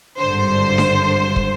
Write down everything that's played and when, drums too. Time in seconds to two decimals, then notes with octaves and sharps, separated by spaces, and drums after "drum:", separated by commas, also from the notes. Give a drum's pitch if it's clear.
0.20 G#1 G2 D3 C5
0.78 drum: snare D4
1.36 drum: kick